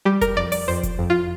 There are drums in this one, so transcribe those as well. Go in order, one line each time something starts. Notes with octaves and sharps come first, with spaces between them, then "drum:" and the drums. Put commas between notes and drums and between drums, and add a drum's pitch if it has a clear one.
G3 G4
A#4, drum: kick F1, hi-hat
F2 D5
D5, drum: open hi-hat
F2 C5
drum: kick F1, hi-hat
F2
F4